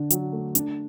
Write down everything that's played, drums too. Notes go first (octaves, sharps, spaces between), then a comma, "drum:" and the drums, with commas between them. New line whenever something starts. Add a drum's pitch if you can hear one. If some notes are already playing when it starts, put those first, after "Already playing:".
Already playing: D3 D4
F#3, drum: hi-hat
A3
D4, drum: hi-hat